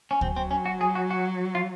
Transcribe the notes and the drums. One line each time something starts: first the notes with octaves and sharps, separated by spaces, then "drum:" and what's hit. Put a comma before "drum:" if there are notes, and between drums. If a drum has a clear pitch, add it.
C#4
F#3 C4, drum: kick
C4
C#4
F#4
G#4
F#4
F#4
F4